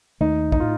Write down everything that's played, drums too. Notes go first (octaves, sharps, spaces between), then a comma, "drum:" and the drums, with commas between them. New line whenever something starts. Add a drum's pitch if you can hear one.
D#2 D#3 A3 D#4
D#4, drum: kick
A2 F4